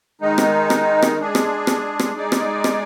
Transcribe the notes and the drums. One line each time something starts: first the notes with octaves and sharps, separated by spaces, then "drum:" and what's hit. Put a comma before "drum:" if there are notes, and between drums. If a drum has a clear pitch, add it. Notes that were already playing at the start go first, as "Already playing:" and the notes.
D#3 G#3 D#4
drum: rim click
drum: rim click
drum: rim click
G#3 D4 G#4
drum: rim click
drum: rim click
drum: rim click
G#3 D#4 G#4 D5
drum: rim click
drum: rim click